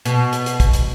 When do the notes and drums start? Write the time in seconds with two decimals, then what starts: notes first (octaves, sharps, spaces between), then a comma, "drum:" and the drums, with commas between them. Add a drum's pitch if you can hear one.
0.05 B2, drum: hi-hat
0.33 drum: hi-hat
0.46 drum: hi-hat
0.60 drum: kick, hi-hat
0.73 drum: hi-hat